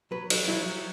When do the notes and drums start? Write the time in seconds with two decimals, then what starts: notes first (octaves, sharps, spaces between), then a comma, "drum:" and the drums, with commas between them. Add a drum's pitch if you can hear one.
0.11 F#3 B4
0.30 F#3, drum: cymbal
0.48 F#3 E4
0.66 F#3